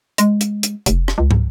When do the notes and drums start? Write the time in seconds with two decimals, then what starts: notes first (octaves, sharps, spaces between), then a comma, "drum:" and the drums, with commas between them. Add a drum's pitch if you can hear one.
0.18 G#3, drum: hi-hat
0.41 drum: hi-hat
0.63 drum: hi-hat
0.86 F1, drum: hi-hat
1.08 drum: rim click
1.18 C#2
1.31 drum: tom